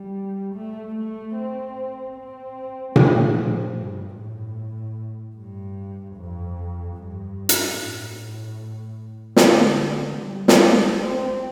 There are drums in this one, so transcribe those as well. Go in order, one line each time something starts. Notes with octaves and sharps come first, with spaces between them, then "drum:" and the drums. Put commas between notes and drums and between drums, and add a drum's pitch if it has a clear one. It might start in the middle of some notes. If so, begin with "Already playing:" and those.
Already playing: G3
A3
A3
C4
C4
A3, drum: tom A#2
F3
G2
A2
G2
F2
G2
drum: hi-hat
A2
D3, drum: snare
G3
drum: snare
C4